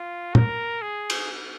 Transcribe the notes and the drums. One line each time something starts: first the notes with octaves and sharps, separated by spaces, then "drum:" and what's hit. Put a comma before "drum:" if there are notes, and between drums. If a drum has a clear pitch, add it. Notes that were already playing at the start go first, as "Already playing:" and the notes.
Already playing: F4
A#4, drum: tom
G#4
drum: cymbal